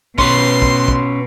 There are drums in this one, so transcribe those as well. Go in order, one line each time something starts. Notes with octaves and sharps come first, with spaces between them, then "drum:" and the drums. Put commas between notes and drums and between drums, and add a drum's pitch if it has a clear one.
B2 C#4 B4 C6, drum: kick
drum: kick
drum: kick